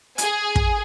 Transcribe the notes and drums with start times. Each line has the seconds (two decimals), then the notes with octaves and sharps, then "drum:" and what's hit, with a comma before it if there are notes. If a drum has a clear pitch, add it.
0.18 G#4 G#5, drum: hi-hat
0.56 drum: kick